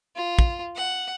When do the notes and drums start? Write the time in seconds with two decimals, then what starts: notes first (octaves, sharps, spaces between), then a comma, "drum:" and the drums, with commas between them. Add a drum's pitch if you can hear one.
0.16 F4
0.39 drum: kick
0.76 F#5